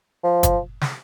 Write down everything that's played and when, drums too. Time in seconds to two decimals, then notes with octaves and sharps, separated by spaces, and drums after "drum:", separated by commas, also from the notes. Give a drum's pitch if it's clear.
0.24 F3
0.43 drum: kick, hi-hat
0.81 drum: snare